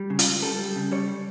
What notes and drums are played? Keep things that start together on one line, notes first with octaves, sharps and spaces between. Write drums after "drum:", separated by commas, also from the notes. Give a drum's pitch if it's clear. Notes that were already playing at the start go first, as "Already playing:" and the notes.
Already playing: G3
C#3
F4, drum: hi-hat
C#2
G3 A4
G3
C#3
G3 C#5
G3